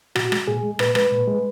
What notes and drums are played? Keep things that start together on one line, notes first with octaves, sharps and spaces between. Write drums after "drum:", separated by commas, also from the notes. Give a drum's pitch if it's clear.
A#2 F#4, drum: rim click
G#3, drum: rim click
A#2 G#4
G#3
A#2 B4, drum: rim click
G#3 B4, drum: rim click
A#2
G#3